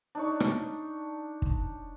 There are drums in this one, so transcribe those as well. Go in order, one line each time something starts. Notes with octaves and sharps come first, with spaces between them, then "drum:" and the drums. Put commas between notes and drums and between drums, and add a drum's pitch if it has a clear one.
D4 D#4 C#5
drum: rim click
drum: kick